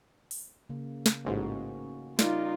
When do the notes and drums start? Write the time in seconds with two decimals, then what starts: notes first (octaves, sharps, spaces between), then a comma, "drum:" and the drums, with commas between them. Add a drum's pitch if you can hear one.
0.31 drum: open hi-hat
0.69 C#3 A#3
1.06 drum: snare
1.25 A1 G#2 A#3 C#4 F#4
2.19 G3 D#4 F4 A#4 D5, drum: snare